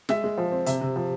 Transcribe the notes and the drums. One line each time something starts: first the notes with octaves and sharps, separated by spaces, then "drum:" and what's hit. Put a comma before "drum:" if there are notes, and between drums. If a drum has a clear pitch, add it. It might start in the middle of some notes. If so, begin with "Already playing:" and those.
G#3 E5, drum: snare
G#3
F3
C4
C3 E5, drum: hi-hat
C3
F3